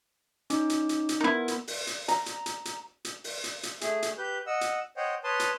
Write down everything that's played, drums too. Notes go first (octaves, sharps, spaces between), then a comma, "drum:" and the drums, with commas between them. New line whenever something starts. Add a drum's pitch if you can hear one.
C#4 D#4 D6, drum: hi-hat
drum: hi-hat
drum: hi-hat
drum: hi-hat
B3 D#4 E4 A#4
drum: hi-hat
drum: open hi-hat
drum: hi-hat
A#5, drum: hi-hat
drum: hi-hat
drum: hi-hat
drum: hi-hat
drum: hi-hat
drum: open hi-hat
drum: hi-hat
drum: hi-hat
A3 G#4, drum: hi-hat
drum: hi-hat
G4 B4 G6
D#5 F#5 E6
drum: hi-hat
C5 C#5 D#5 F#5 G5
B4 C#5 A5 C6 D#6
drum: hi-hat